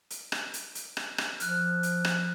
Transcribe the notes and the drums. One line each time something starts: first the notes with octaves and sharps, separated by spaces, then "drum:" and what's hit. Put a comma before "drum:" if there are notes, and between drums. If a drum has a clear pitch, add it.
drum: hi-hat
drum: rim click
drum: hi-hat
drum: hi-hat
drum: rim click
drum: rim click
F3 F6 F#6, drum: hi-hat
drum: hi-hat
drum: rim click